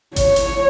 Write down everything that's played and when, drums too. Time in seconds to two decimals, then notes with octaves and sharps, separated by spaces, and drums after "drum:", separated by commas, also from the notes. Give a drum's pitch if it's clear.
0.16 C#5, drum: kick G#1, hi-hat
0.36 drum: hi-hat